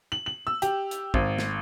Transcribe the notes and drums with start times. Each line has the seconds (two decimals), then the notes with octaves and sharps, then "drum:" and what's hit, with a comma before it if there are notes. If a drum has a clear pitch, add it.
0.12 F#7
0.26 F#7
0.47 E6
0.62 G4, drum: hi-hat
0.91 drum: hi-hat
1.14 G#1, drum: kick
1.38 drum: snare